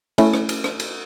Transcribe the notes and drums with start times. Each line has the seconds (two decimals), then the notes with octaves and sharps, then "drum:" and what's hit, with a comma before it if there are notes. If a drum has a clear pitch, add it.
0.18 A3 C#4 E4, drum: cymbal
0.34 drum: rim click
0.49 drum: cymbal
0.64 drum: rim click
0.80 drum: cymbal